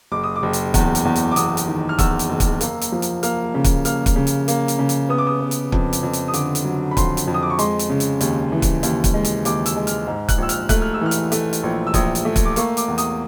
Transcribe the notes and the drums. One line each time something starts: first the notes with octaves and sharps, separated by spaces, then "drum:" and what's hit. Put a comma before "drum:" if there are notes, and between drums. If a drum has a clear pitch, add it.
F#1 D6
D#6
D6
F#1
drum: hi-hat
E2, drum: kick, hi-hat
drum: hi-hat
E2
drum: hi-hat
D6
E2 D#6, drum: hi-hat
drum: hi-hat
D#3
F6
E2 E6, drum: kick, hi-hat
drum: hi-hat
F#1
drum: kick, hi-hat
A#3, drum: hi-hat
drum: hi-hat
F3
drum: hi-hat
A#3 F6, drum: hi-hat
C#3
drum: kick, hi-hat
A#3 F6, drum: hi-hat
drum: kick, hi-hat
C#3
drum: hi-hat
A#3, drum: hi-hat
drum: hi-hat
C#3
drum: hi-hat
B3 D#6
D6
D#6
B3
drum: hi-hat
F2, drum: kick
drum: hi-hat
F2
drum: hi-hat
D#6
D3 D6, drum: hi-hat
drum: hi-hat
F#3
B5
F2 C6, drum: kick, hi-hat
drum: hi-hat
F2
D#6
D6
C#6
G#3 C6, drum: hi-hat
drum: hi-hat
C#3
drum: hi-hat
D#2, drum: hi-hat
E3
drum: kick, hi-hat
D#2, drum: hi-hat
drum: kick, hi-hat
G#3
drum: hi-hat
D#2 D6, drum: hi-hat
E6, drum: hi-hat
G#3
F6, drum: hi-hat
G#2
F#6, drum: kick, hi-hat
A#1 E6
F6, drum: hi-hat
A3 F#6, drum: kick, hi-hat
F6
E6
E3 F6
drum: hi-hat
A3, drum: hi-hat
drum: hi-hat
A#1
E6
A#1 D#6, drum: kick, hi-hat
drum: hi-hat
A3
drum: kick, hi-hat
D6
A#3 C#6, drum: hi-hat
D6, drum: hi-hat
E2
D#6, drum: hi-hat